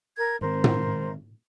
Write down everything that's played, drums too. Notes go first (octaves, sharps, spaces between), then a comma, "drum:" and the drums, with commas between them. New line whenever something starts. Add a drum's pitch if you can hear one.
A#4 G#6
G#2 D#3 C4 A#4 C5
drum: tom